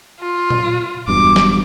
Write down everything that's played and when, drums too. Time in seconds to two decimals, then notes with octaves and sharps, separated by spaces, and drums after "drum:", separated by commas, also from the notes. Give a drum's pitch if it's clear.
0.20 F4
0.50 drum: tom A#2
1.08 E1 G2 B2 D6
1.36 drum: snare